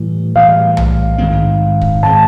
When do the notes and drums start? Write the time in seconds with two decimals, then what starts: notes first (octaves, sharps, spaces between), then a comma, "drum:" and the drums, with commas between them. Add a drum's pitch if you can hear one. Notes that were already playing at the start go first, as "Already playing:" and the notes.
Already playing: A2 E3 G3
0.35 A2 E3 G3 F5
0.77 drum: tom B1
1.18 G#2 D#3 G#3 C4
1.81 drum: kick
2.03 G#2 D#3 G#3 C4 A5